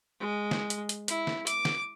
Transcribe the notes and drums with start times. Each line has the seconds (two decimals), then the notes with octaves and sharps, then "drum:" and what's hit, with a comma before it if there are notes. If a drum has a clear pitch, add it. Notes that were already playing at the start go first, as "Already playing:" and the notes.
0.20 G#3
0.51 drum: snare
0.70 drum: hi-hat
0.89 drum: hi-hat
1.08 E4, drum: hi-hat
1.27 drum: snare
1.47 D6, drum: hi-hat
1.65 drum: snare